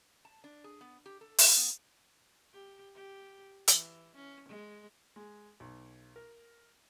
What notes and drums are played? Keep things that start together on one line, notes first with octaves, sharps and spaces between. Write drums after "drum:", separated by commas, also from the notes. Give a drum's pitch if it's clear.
A5
D4
G#4
B3
G4
A4
A3, drum: open hi-hat
B3
G4
G4
E3, drum: hi-hat
C#4
G#3
G#3
B1
A#4